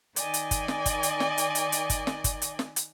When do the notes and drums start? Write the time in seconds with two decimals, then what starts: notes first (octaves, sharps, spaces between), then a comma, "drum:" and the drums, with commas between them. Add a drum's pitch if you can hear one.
0.16 D#3 D5 D#5 G#5, drum: hi-hat
0.34 drum: hi-hat
0.51 drum: kick, hi-hat
0.68 drum: snare
0.86 drum: kick, hi-hat
1.03 drum: hi-hat
1.20 drum: snare
1.38 drum: hi-hat
1.55 drum: hi-hat
1.72 drum: hi-hat
1.90 drum: kick, hi-hat
2.07 drum: snare
2.24 drum: kick, hi-hat
2.42 drum: hi-hat
2.59 drum: snare
2.76 drum: hi-hat